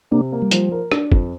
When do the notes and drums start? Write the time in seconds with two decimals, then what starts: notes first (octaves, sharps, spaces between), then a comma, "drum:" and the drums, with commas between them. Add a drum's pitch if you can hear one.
0.11 C3 A#3 D4
0.32 A#3
0.42 G3
0.51 F3, drum: hi-hat
0.72 A#4
0.92 D4, drum: rim click
1.12 F2, drum: kick